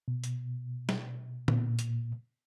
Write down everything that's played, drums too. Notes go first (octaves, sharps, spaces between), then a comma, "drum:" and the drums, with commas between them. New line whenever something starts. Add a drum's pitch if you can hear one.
B2
drum: hi-hat
drum: snare
A#2, drum: tom
drum: hi-hat